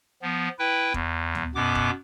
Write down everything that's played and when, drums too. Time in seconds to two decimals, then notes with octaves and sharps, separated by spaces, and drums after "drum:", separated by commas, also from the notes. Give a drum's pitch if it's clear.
0.22 F3 B3
0.59 E4 B4 G5
0.94 E2, drum: kick E1
1.35 drum: tom D2
1.55 F#2 B2 B3 D6
1.75 drum: kick E1